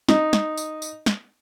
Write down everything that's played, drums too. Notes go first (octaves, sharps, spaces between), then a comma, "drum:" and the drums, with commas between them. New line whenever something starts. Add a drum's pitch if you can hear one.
D#4, drum: snare
drum: snare
drum: tambourine
drum: tambourine
drum: snare